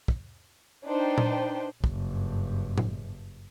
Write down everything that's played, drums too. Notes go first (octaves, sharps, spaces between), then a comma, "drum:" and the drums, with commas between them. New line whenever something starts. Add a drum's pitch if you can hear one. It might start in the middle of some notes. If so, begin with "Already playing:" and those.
drum: kick
D4 D#4 B4 C5 G5
drum: tom A#2
F#1 G2, drum: kick
drum: tom A2